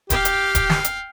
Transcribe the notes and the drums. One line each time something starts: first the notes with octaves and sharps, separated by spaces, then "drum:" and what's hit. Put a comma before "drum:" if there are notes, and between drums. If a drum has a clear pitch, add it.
G4 F5 G5, drum: kick D#1, hi-hat
drum: hi-hat
drum: kick D#1, hi-hat
drum: snare
drum: hi-hat